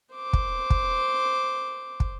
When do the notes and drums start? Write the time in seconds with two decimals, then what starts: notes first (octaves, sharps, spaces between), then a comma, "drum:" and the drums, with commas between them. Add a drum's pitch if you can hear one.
0.15 C5 D6
0.33 drum: kick
0.70 drum: kick
2.00 drum: kick